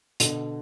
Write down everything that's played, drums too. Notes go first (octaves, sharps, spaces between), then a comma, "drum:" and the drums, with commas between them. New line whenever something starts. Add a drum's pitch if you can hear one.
B2 D3, drum: hi-hat